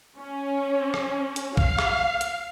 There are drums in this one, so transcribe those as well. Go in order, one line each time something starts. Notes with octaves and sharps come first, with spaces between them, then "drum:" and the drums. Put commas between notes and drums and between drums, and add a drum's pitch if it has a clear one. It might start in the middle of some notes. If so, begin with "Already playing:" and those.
C#4
drum: rim click
drum: hi-hat
F5, drum: kick A#1
drum: rim click
drum: hi-hat